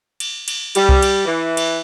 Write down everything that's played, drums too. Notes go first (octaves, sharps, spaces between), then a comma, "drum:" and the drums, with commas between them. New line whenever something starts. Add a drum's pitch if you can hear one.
drum: cymbal
drum: cymbal
G3, drum: cymbal
drum: kick C2
drum: cymbal
E3
drum: cymbal